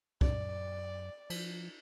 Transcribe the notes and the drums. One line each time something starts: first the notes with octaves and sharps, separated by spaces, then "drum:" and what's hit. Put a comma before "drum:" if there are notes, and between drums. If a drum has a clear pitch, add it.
F#2 D5, drum: kick
F3, drum: cymbal